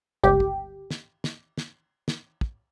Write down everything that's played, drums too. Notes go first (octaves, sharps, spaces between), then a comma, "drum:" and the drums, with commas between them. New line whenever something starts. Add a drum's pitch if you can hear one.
G1 C#2 G4
drum: kick
drum: snare
drum: snare
drum: snare
drum: snare
drum: kick